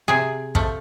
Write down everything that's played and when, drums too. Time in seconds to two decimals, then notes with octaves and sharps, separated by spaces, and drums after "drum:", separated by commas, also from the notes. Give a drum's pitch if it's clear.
0.08 C3 G#4
0.55 F3 A3, drum: kick